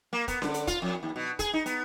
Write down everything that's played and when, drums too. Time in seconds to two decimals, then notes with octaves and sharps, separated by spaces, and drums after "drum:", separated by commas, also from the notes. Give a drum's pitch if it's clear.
0.13 A#3
0.28 B3, drum: kick, hi-hat
0.42 D3, drum: snare C#4
0.54 drum: hi-hat
0.67 F4, drum: kick, hi-hat
0.82 F2
1.03 D#2
1.16 B2
1.39 G#4, drum: kick, hi-hat
1.53 D#4
1.66 B3, drum: hi-hat